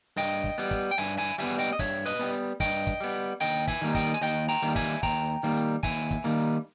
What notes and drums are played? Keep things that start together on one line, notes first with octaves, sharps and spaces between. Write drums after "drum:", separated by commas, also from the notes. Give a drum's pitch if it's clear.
G2 D#5 G5, drum: hi-hat
drum: kick
G3 B3
drum: kick, hi-hat
G5
G2 E5 G#5
E5 G#5
G3 B3 E5 G#5
D#5 G5
D#5
G2 C#5 E5, drum: kick, hi-hat
B4 D#5
G3 B3
drum: hi-hat
G2 D#5 G5, drum: kick
drum: kick, hi-hat
G3 B3
D#2 D#5 G5, drum: hi-hat
E5 G#5, drum: kick
D#3 G3 A#3
D#5 G5, drum: kick, hi-hat
G#5
D#2 D#5 G5
G5 A#5, drum: hi-hat
D#3 G3 A#3
E5 G#5, drum: kick
D#2 G5 A#5, drum: kick, hi-hat
D#3 G3 A#3
drum: hi-hat
D#2 E5 G#5, drum: kick
drum: kick, hi-hat
D#3 G3 A#3